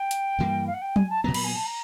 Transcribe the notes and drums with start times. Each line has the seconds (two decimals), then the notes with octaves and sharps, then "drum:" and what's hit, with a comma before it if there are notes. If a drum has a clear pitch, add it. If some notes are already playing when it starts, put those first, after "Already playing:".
Already playing: G5
0.11 drum: hi-hat
0.39 G2 E3 G3 A#3
0.67 F5
0.74 F#5
0.82 G5
0.96 G#5, drum: tom F#3
1.10 A5
1.23 A#2 F#3 B3 A#5
1.34 B5, drum: cymbal
1.44 G#5
1.56 A5
1.66 A#5